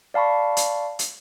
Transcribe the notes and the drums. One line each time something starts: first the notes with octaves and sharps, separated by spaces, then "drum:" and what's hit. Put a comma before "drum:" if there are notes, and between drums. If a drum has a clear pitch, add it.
D5 F5 A5 B5 C#6
drum: hi-hat
drum: hi-hat